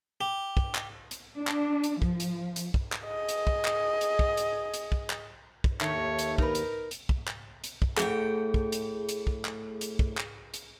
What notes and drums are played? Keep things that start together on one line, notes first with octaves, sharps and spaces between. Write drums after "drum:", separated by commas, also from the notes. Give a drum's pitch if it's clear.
G4
drum: kick
drum: clap
drum: hi-hat
D4
drum: clap
drum: hi-hat
F3, drum: kick
drum: hi-hat
drum: hi-hat
drum: kick
drum: clap
G#4 D#5
drum: hi-hat
drum: kick
drum: clap
drum: hi-hat
drum: kick
drum: hi-hat
drum: hi-hat
drum: kick
drum: clap
drum: kick
D#2 D#3 A3 C#5, drum: clap
drum: hi-hat
D#4 A#4 B4, drum: kick
drum: hi-hat
drum: hi-hat
drum: kick
drum: clap
drum: hi-hat
drum: kick
A2 A3 G#4 G5, drum: clap
drum: kick
drum: hi-hat
drum: hi-hat
drum: kick
drum: clap
drum: hi-hat
drum: kick
drum: clap
drum: hi-hat